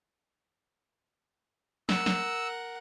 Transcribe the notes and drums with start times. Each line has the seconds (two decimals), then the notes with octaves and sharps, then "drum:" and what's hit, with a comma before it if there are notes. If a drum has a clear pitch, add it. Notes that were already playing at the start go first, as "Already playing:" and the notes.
1.89 A#4 F#5 E6, drum: snare
2.06 drum: snare